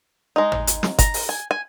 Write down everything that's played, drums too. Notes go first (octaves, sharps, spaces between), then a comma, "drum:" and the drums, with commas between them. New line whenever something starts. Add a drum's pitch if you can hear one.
G#3 D#4
drum: tom
drum: hi-hat
drum: snare
A#5, drum: kick G1, hi-hat
drum: open hi-hat
G#5
G#5